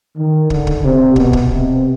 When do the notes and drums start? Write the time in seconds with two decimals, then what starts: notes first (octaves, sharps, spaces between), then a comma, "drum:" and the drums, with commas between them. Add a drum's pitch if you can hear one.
0.17 D#3
0.50 D3, drum: kick
0.67 drum: kick
0.84 C3
1.16 B2, drum: kick
1.33 drum: kick
1.49 C3